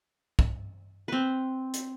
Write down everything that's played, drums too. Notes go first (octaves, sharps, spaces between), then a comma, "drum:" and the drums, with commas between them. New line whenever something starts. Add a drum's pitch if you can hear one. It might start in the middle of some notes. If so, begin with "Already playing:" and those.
drum: kick
C4 B4
drum: hi-hat